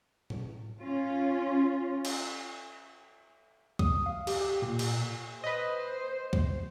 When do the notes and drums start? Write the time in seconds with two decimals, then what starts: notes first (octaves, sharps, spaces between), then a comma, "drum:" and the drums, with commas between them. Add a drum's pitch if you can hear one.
0.30 drum: tom A2
0.81 C#4 F4
2.05 drum: cymbal
3.79 D#6, drum: kick
4.06 F5
4.27 G4, drum: cymbal
4.40 G4
4.62 A#2
4.79 drum: cymbal
5.44 B4 C5 D#5
6.33 drum: kick